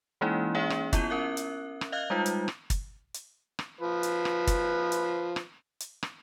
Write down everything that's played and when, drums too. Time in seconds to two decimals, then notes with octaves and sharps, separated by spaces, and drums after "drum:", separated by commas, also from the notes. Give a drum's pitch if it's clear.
0.21 E3 G#3 A#3 C#4 D#4 E4
0.55 A#3 C#4 G#4 C#5 E5 G5
0.70 drum: rim click
0.93 B3 E4 F4 G6 D#7 G7, drum: kick, hi-hat
1.10 C#4 A#4 E5 F#6
1.37 drum: hi-hat
1.81 drum: rim click
1.92 D#5 F5 F6 F#6 G#6
2.10 G3 G#3 D#4 F4
2.26 drum: hi-hat
2.48 drum: rim click
2.70 drum: kick, hi-hat
3.14 drum: hi-hat
3.59 drum: rim click
3.81 F3 B4
4.03 drum: hi-hat
4.25 drum: rim click
4.47 drum: kick, hi-hat
4.92 drum: hi-hat
5.36 drum: rim click
5.80 drum: hi-hat
6.03 drum: rim click